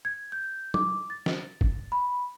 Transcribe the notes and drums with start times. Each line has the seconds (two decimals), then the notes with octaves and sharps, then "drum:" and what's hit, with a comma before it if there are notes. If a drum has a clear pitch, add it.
0.05 G#6
0.32 G6
0.74 D6, drum: tom F#3
1.10 A6
1.26 drum: snare
1.61 drum: kick
1.92 B5